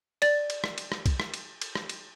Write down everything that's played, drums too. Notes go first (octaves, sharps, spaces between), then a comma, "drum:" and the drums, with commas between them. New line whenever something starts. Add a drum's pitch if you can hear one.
D5 A6, drum: cymbal
drum: cymbal
drum: rim click
drum: cymbal
drum: rim click
drum: kick, cymbal
drum: rim click
drum: cymbal
drum: cymbal
drum: rim click
drum: cymbal